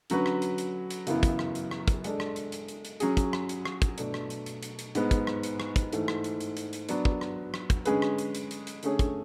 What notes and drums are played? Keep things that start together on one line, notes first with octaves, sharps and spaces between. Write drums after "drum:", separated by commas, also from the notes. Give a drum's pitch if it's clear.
D3 F#3 C#4 F#4 B4, drum: hi-hat
drum: rim click
drum: hi-hat
drum: hi-hat
drum: hi-hat
F#2 C#3 E3 B3 E4, drum: hi-hat
drum: kick, hi-hat
drum: rim click
drum: hi-hat
drum: rim click
drum: kick, hi-hat
G#3 D4 A4, drum: hi-hat
drum: rim click
drum: hi-hat
drum: hi-hat
drum: hi-hat
drum: hi-hat
F#3 C#4 G#4, drum: hi-hat
drum: kick, hi-hat
drum: rim click
drum: hi-hat
drum: rim click
drum: kick, hi-hat
B2 A3 D4, drum: hi-hat
drum: rim click
drum: hi-hat
drum: hi-hat
drum: hi-hat
drum: hi-hat
G#2 G#3 B3, drum: hi-hat
drum: kick, hi-hat
drum: rim click
drum: hi-hat
drum: rim click
drum: kick, hi-hat
G#2 E3 A3, drum: hi-hat
drum: rim click
drum: hi-hat
drum: hi-hat
drum: hi-hat
drum: hi-hat
F#3 B3 D4, drum: hi-hat
drum: kick
drum: rim click
drum: rim click
drum: kick, hi-hat
D3 G#3 C#4 G#4 B4, drum: hi-hat
drum: rim click
drum: hi-hat
drum: hi-hat
drum: hi-hat
drum: hi-hat
D3 A3 C#4 G#4 C#5, drum: hi-hat
drum: kick, hi-hat